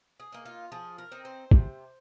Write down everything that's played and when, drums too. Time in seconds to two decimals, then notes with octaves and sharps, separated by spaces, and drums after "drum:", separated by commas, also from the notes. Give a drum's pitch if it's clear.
0.20 G#4
0.32 A#3 D#4
0.45 F4
0.72 F3 G#4
0.98 A#4
1.11 C4 D#4
1.25 C5
1.51 C3, drum: kick